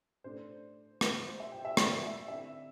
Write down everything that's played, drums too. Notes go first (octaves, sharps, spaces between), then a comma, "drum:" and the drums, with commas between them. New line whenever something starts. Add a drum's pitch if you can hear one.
A2 A3 D4 C5
drum: rim click
C5
E5
G5
E5
D5, drum: rim click
E5
D3 C4 E4 E5